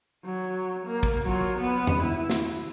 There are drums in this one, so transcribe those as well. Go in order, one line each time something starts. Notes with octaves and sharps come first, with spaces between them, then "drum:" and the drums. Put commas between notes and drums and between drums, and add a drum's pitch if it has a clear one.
F#3
A#3
drum: kick
F#3 F4
B3 B4
drum: tom E2
E4
drum: snare